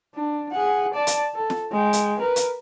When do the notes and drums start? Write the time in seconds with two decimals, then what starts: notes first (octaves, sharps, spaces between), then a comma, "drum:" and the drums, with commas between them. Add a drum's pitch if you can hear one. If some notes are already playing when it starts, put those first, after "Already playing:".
0.15 D4
0.52 G#4 F#5
0.94 D5 A5
1.07 drum: hi-hat
1.35 A4
1.50 drum: snare
1.71 G#3 G5
1.93 drum: hi-hat
2.19 A#4 B4
2.36 drum: hi-hat